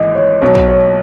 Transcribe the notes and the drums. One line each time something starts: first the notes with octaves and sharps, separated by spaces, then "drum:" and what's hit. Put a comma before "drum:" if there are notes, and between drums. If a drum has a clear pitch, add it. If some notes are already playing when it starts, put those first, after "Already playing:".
Already playing: G#1 G#2 E3 D#5
C#5
B1 B2 F#3 C#5
drum: kick
C#5